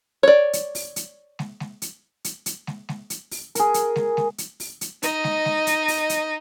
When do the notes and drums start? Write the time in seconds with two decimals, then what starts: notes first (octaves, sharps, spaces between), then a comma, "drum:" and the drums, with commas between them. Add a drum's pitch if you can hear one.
0.23 C#5 D5
0.53 drum: hi-hat
0.75 drum: open hi-hat
0.96 drum: hi-hat
1.39 drum: snare
1.60 drum: snare
1.82 drum: hi-hat
2.24 drum: hi-hat
2.46 drum: hi-hat
2.67 drum: snare
2.89 drum: snare
3.10 drum: hi-hat
3.31 drum: open hi-hat
3.55 G#4 A#4, drum: hi-hat
3.74 drum: hi-hat
3.96 drum: snare
4.17 drum: snare
4.38 drum: hi-hat
4.60 drum: open hi-hat
4.81 drum: hi-hat
5.03 D#4 D#5, drum: hi-hat
5.24 drum: snare
5.45 drum: snare
5.67 drum: hi-hat
5.88 drum: open hi-hat
6.09 drum: hi-hat